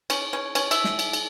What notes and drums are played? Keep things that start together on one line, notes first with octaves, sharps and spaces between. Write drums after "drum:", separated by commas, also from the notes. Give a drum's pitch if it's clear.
C#4, drum: cymbal
C#4
C#4, drum: cymbal
E5, drum: cymbal
drum: snare
drum: cymbal
drum: cymbal